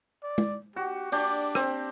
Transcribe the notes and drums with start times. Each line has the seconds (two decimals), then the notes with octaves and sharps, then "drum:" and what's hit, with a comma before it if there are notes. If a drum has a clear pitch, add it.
0.23 D5
0.38 drum: tom G#3
0.76 F#4 G4
1.12 D4 G4 D5, drum: open hi-hat
1.55 C4, drum: rim click